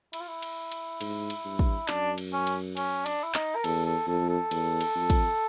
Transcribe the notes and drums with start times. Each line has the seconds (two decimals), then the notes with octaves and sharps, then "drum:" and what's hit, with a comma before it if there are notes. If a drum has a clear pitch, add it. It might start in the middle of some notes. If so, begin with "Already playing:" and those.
0.13 E4, drum: cymbal
0.20 F4
0.28 E4
0.42 drum: cymbal
0.72 drum: cymbal
1.01 G#2, drum: cymbal
1.30 drum: cymbal
1.45 G2
1.59 drum: kick
1.88 F#2 D4, drum: clap
2.18 drum: cymbal
2.33 C#4
2.47 drum: cymbal
2.77 C#4, drum: cymbal
3.06 D4, drum: cymbal
3.23 E4
3.34 D#4, drum: clap
3.55 A#4
3.64 E2 A4, drum: cymbal
3.86 A4
4.07 F2 A4
4.29 A4
4.51 E2, drum: cymbal
4.81 drum: cymbal
4.96 F2
5.10 drum: kick, cymbal